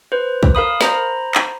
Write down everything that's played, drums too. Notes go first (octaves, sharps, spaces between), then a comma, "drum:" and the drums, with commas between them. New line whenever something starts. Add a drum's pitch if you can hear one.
B4 C5
drum: kick
A#4 F5 B5 D#6
C5 A#5 B5, drum: snare
drum: clap